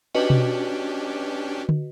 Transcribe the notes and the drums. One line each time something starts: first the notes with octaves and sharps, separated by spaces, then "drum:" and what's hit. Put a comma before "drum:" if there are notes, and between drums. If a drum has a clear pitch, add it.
C#4 D4 F#4 G4 B4 D#5
drum: tom B2
drum: tom D3